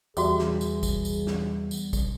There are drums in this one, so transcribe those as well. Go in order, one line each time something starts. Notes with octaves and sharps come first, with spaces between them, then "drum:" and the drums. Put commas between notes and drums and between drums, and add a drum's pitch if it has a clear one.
E2 G3 F#4 G#4 E5 D6, drum: tambourine
drum: snare
drum: tambourine
drum: kick A1, tambourine
drum: tambourine
drum: snare
drum: tambourine
drum: kick A1, tambourine